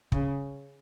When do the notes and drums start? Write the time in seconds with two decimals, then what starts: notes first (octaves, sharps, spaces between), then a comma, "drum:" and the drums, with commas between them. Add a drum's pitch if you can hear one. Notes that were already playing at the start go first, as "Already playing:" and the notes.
0.12 C#3, drum: kick